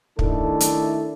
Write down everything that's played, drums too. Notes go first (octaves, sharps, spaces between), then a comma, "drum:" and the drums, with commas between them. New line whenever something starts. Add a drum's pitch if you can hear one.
D#3 A3 D4 E4 A4, drum: kick
drum: hi-hat